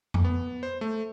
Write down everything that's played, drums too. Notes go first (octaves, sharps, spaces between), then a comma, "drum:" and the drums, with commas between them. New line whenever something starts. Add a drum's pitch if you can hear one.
drum: tom F2
B3
C5
A3